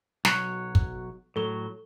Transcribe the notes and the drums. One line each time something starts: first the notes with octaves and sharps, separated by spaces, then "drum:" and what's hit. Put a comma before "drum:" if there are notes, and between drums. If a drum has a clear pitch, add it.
B1 F#3 C#5 F#6, drum: snare
drum: kick
A2 F#3 A4 G7